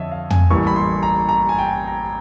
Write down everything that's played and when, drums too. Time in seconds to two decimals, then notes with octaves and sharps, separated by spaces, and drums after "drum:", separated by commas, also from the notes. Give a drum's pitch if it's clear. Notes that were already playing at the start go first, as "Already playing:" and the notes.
Already playing: F2 D3 C#5 D#5 E5
0.11 F5
0.30 G#5, drum: tom
0.50 A1 A2 E3 G3 A#3 C#6
0.67 B5
0.76 C6
1.03 A#5
1.29 A#5
1.49 G#5
1.58 G5
1.68 G#5
1.88 A#5